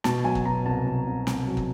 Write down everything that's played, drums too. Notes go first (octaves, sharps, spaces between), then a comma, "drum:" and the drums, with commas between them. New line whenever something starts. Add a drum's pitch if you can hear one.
B2 A5, drum: snare
F#3 G#5
drum: kick
B2 A#5
C2 A5
C2
C2
C2, drum: snare
F#3
drum: kick